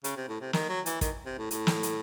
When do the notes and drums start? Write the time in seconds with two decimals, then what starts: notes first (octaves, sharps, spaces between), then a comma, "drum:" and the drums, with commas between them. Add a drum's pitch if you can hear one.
0.04 C#3, drum: hi-hat
0.16 C3
0.29 A2
0.41 C3
0.53 D#3, drum: snare
0.69 F#3
0.86 E3, drum: hi-hat
1.01 D#3, drum: kick, hi-hat
1.26 C3
1.38 A2
1.51 A2, drum: hi-hat
1.67 drum: snare
1.83 drum: hi-hat